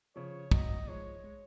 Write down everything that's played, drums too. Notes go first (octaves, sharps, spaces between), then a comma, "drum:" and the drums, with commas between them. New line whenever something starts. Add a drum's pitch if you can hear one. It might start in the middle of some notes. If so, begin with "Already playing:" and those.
C#3 F3 C#5
D#3 F#3 D#5, drum: kick
F3 G#3 C#5
G#3